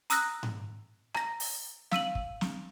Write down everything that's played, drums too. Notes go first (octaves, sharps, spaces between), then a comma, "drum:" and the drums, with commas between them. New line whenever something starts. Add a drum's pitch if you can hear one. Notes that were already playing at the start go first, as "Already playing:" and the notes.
A#5 D#6 E6 F#6 A#6, drum: hi-hat
drum: tom G#2
A#5 A#6, drum: rim click
drum: open hi-hat
F5 E6 D#7 F#7, drum: snare
drum: kick
drum: snare